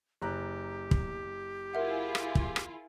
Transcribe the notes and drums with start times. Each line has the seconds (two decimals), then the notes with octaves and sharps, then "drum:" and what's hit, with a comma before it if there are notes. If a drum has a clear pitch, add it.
0.22 F#1 G4 A#5 F#6
0.91 drum: kick
1.74 E4 F4 G#4 A#4 E5 F#5
2.15 drum: rim click
2.35 drum: kick
2.56 drum: rim click